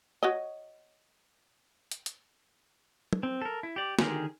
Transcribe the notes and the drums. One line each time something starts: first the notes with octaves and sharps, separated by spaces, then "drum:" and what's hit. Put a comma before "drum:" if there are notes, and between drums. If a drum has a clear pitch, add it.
F#4 C#5 D#5
drum: hi-hat
drum: hi-hat
drum: tom
C4
A4 A#4
E4
G4 D5
D3 D#3 G4 G#4 A#4, drum: snare